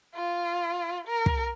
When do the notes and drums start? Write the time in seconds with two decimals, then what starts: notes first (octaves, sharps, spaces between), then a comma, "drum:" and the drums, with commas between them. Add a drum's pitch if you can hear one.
0.15 F4
1.07 A#4
1.26 drum: kick